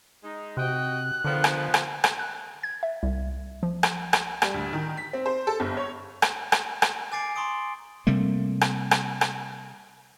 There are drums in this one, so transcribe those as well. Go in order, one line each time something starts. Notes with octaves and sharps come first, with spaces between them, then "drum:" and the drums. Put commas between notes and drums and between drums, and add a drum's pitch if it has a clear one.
G#3 D#4
C3 F#4 D#5 G5 F#6
D3 D#3 F3 B3
drum: rim click
drum: rim click
drum: rim click
F#6
G#6
E5
C2
F3
drum: rim click
drum: rim click
G3, drum: rim click
D2
D#3
B6
C4
C5
A4
G1
C#5
drum: rim click
drum: rim click
drum: rim click
G#5 D6 A6 C7 D7
A#5 C6 C#6 D#6 D7
C3 G3 A3 A#3
drum: rim click
drum: rim click
drum: rim click